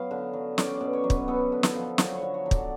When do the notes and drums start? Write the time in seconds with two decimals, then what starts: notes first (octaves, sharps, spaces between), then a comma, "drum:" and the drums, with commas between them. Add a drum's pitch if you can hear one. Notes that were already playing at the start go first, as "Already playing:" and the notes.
Already playing: F#3 B3 F5
0.11 D3
0.33 F#3
0.58 C#4 D5, drum: snare
0.75 D5
0.81 B2
0.93 C#5
1.04 F#3
1.10 B4, drum: kick
1.28 B3 A4
1.52 D3
1.63 A4, drum: snare
1.75 F3
1.98 F#3 C#5, drum: snare
2.16 C#5
2.22 D3
2.34 C#5
2.46 F#3
2.51 D5, drum: kick